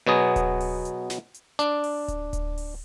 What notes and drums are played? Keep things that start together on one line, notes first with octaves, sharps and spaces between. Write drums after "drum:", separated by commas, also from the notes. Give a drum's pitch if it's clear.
B2 F#3 B3 G#4
drum: kick D1, hi-hat
drum: open hi-hat
drum: hi-hat
drum: snare
drum: hi-hat
D4, drum: hi-hat
drum: open hi-hat
drum: kick D1, hi-hat
drum: kick D1, hi-hat
drum: open hi-hat